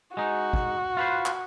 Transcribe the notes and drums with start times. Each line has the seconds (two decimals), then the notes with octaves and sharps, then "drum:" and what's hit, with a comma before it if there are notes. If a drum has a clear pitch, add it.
0.17 G#3 D#4 F#4
0.53 drum: kick
0.97 F4 B4 C5
1.26 drum: clap